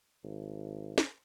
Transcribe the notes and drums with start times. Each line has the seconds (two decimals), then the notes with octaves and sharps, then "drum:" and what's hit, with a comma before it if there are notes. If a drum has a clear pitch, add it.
0.24 G#1
0.98 drum: snare